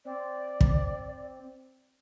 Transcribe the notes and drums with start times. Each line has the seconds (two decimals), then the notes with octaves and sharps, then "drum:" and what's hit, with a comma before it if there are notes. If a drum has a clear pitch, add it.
0.05 C4 D5
0.61 drum: kick